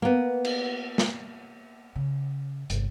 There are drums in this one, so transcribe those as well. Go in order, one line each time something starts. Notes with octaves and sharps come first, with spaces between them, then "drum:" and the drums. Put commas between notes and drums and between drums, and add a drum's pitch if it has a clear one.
A#3 B3
drum: cymbal
drum: snare
C#3
G1 C3, drum: hi-hat